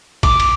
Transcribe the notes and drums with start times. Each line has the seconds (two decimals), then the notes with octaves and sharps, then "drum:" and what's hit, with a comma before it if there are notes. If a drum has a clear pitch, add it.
0.23 D6, drum: kick, cymbal
0.40 drum: cymbal